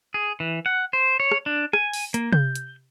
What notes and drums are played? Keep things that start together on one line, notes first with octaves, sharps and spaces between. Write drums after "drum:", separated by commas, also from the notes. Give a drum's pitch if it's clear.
G#4
E3
F#5
C5
C#5
drum: rim click
D4
G#5, drum: rim click
drum: open hi-hat
A#3, drum: hi-hat
G6, drum: tom C3
drum: hi-hat